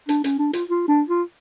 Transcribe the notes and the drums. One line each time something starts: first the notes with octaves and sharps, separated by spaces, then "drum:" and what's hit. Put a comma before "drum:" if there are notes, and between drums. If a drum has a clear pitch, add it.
D4, drum: hi-hat
C#4, drum: hi-hat
D4
F4, drum: hi-hat
F4
D4
F4